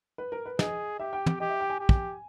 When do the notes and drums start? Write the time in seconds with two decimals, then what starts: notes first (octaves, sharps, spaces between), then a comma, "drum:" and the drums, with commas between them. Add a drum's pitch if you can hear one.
0.18 B4
0.32 A#4
0.46 B4
0.59 G#4 D#5, drum: snare
0.99 G4 E5
1.13 G5
1.26 G5, drum: tom
1.40 G4 D#5
1.49 E5
1.60 G5
1.70 G#5
1.80 G4
1.89 drum: kick